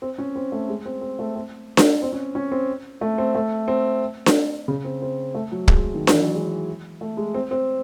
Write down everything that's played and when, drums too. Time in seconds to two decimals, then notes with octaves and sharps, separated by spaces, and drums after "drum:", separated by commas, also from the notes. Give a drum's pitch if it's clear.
0.02 C4
0.18 C#4
0.36 C4
0.52 A3
0.69 G#3
0.86 C4
1.01 C4
1.19 A3
1.35 C4
1.77 drum: snare D4
2.02 C4
2.12 C#4
2.35 C#4
2.52 C4
3.01 A3
3.18 C4
3.35 A3
3.68 C4
4.26 drum: snare D4
4.68 C#3
4.85 C4
5.02 C4
5.35 A3
5.52 F#3
5.68 G#3, drum: kick
5.94 D#3
6.07 E3, drum: snare D4
6.21 F#3
6.35 G#3
7.01 A3
7.17 G#3
7.34 C4
7.51 C4